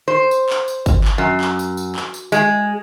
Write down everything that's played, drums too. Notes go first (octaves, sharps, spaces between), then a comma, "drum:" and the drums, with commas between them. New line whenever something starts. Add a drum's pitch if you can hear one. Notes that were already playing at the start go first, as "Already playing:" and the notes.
C5
drum: tambourine
drum: clap
drum: tambourine
drum: kick, tambourine
drum: clap
F#2
drum: clap
drum: tambourine
drum: tambourine
drum: clap
drum: tambourine
G#3, drum: tambourine